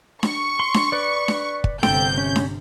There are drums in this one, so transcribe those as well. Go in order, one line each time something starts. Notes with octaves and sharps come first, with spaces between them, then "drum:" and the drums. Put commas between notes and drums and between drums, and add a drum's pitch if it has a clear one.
C#6, drum: snare D4
C6
drum: snare D4
B4 D5
drum: snare D4
drum: kick
G1 C3 A4 G5 G6, drum: snare D4
C#4
drum: snare D4